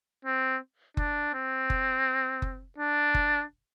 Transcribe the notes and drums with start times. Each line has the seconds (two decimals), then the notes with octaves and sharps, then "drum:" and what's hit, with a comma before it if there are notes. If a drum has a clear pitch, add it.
0.25 C4
0.97 D4, drum: kick F#1
1.34 C4
1.70 drum: kick F#1
2.42 drum: kick F#1
2.78 D4
3.14 drum: kick F#1